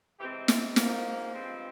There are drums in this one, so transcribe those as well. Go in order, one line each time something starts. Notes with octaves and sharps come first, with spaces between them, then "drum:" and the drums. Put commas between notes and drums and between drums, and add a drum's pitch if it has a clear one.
C3 E3 G#3 C4 G4
F4, drum: snare
G#2 F3 A#3, drum: snare
G2 F3 G#3 C4